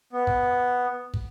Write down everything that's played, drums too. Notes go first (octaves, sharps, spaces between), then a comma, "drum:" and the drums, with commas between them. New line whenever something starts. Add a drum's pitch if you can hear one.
B3
drum: kick
drum: kick